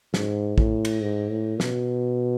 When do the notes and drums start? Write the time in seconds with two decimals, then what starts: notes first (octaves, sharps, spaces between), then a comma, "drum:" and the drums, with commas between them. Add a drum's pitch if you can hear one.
0.14 G#2, drum: snare
0.58 A2, drum: kick
0.85 drum: cymbal
1.02 G#2
1.31 A2
1.60 B2, drum: snare